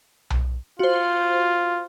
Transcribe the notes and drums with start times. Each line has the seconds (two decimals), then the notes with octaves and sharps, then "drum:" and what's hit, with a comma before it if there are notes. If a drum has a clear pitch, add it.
0.30 drum: tom B1
0.79 F4 F#4 C5